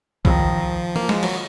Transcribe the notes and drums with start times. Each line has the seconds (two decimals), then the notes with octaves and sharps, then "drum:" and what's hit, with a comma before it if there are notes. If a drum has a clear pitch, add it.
0.25 D#3 F3, drum: kick
0.96 A#3, drum: tom
1.09 G#3, drum: snare
1.23 F#3, drum: cymbal